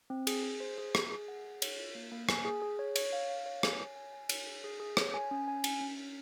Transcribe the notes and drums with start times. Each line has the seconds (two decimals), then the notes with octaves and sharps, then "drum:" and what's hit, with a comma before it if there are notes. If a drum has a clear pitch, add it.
0.10 C4
0.27 G#4, drum: cymbal
0.43 G#4
0.60 C5
0.78 G#4
0.95 G#4, drum: rim click
1.11 G#4
1.28 F#5
1.45 G#4
1.62 C#5, drum: cymbal
1.78 F4
1.95 A#3
2.12 A#3
2.29 G#5, drum: rim click
2.45 G#4
2.62 G#4
2.79 C#5
2.96 C#5, drum: cymbal
3.13 F5
3.29 F5
3.46 C#5
3.63 G#5, drum: rim click
3.79 C#5
3.96 G#5
4.13 G#5
4.29 C#5, drum: cymbal
4.47 G#4
4.64 G#4
4.80 G#4
4.97 C#5, drum: rim click
5.14 G#5
5.31 C#4
5.48 G#5
5.64 C#4, drum: cymbal
5.81 C#4
5.98 C#4